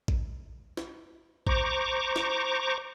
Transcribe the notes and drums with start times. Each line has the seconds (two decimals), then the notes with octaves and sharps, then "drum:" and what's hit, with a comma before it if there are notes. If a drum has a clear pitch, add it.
0.08 drum: kick A1
0.77 drum: snare
1.47 C5 A#5 C#6 D6, drum: kick A1
2.16 drum: snare